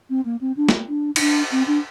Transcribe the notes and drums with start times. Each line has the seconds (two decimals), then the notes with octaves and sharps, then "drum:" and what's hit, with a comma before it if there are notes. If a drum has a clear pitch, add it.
0.10 C4
0.25 A#3
0.41 C4
0.57 D4
0.69 drum: snare
0.89 D4
1.16 D#4, drum: cymbal
1.20 D4
1.52 C4
1.67 D4